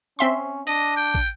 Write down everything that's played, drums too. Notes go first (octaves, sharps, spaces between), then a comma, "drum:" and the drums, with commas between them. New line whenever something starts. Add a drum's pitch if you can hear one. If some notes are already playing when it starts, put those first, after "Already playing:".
C4 C#4 E5 C6
D4 D#5, drum: hi-hat
G5
drum: kick